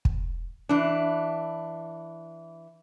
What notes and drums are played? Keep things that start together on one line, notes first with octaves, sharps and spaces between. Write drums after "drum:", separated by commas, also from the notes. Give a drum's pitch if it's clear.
drum: kick
E3 D4